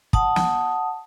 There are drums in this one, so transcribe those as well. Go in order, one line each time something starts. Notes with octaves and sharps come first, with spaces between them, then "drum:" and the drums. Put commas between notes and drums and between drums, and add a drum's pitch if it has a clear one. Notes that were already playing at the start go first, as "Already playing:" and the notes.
F#5 A5 D#6, drum: kick
drum: snare